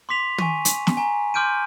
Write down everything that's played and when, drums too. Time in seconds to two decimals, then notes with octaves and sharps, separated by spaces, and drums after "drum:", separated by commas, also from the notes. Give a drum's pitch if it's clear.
0.09 C6 D6 B6 F7
0.38 G#5 C#6 D#7, drum: tom
0.65 drum: hi-hat
0.87 drum: snare
0.97 G#5 A#5
1.34 C6 D6 F6 G6 D7 D#7